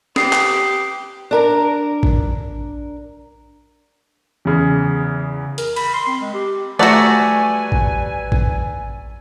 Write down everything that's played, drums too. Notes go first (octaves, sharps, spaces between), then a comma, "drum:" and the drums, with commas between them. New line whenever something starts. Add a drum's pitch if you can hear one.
G4 B4 D#6 C7, drum: snare
drum: clap
D4 A#4 A#5
drum: kick A1
E2 C#3
A#4, drum: hi-hat
B5, drum: cymbal
C6
C4
G#3
G4
G3 A3 F#4 B4 D5 F#5 G#5 A#5
drum: kick A1
drum: kick A1